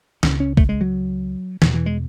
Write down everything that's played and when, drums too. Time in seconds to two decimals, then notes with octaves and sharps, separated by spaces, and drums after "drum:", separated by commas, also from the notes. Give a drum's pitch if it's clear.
0.23 C#2 C#3 C#4, drum: snare
0.40 C#4
0.57 A3, drum: kick
0.69 G#3
0.81 F#3
1.62 E2 B2 E3, drum: snare
1.74 E3
1.86 G#3